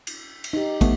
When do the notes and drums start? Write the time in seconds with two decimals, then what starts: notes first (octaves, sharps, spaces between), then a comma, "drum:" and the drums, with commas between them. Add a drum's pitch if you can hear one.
0.07 drum: cymbal
0.44 drum: cymbal
0.53 D#4 G4
0.81 A3 B3, drum: kick, cymbal